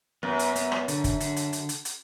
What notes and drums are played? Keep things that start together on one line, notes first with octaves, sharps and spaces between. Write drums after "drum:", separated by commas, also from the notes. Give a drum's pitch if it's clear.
F#2 B3
drum: hi-hat
B3, drum: hi-hat
drum: rim click
D3, drum: hi-hat
drum: kick, hi-hat
D3, drum: hi-hat
drum: hi-hat
drum: hi-hat
drum: hi-hat
drum: hi-hat